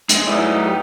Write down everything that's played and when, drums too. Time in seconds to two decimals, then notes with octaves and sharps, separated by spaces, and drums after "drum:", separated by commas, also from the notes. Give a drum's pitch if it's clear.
0.09 G#3, drum: hi-hat
0.27 G#2 F#3 B3 D#4 E4 D5
0.66 G4